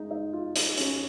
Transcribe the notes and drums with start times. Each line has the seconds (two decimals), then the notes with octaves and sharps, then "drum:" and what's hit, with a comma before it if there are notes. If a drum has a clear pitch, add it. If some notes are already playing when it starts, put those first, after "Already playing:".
Already playing: G#3 D#4
0.11 D#4
0.33 F4
0.56 D#4, drum: hi-hat
0.77 C#4, drum: hi-hat